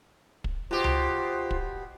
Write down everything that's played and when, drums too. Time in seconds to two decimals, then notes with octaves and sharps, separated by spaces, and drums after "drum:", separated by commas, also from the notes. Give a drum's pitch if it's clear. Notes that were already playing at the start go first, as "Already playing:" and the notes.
0.44 drum: kick
0.71 B2 F4 G4 C5
0.84 drum: tom C#2
1.51 drum: kick